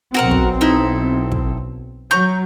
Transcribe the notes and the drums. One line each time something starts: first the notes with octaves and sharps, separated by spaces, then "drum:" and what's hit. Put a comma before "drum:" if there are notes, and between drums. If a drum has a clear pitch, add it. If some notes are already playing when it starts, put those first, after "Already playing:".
B1 C4 F#4 A#4 F#5
drum: kick
D#4 E4 A4
drum: kick
F#3 A#5 C#6 G6